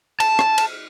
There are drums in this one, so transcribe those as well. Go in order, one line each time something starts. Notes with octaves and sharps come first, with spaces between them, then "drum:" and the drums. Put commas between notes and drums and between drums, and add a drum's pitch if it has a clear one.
A5, drum: cymbal
drum: rim click
drum: cymbal